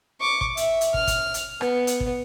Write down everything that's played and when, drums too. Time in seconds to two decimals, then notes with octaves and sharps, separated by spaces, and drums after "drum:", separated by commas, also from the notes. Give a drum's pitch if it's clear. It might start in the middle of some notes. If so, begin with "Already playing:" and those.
0.21 C#6 D6
0.41 drum: kick
0.57 E5, drum: hi-hat
0.81 drum: hi-hat
0.94 F6, drum: kick
1.07 drum: kick, hi-hat
1.34 drum: hi-hat
1.61 B3, drum: rim click
1.87 drum: hi-hat
2.00 drum: kick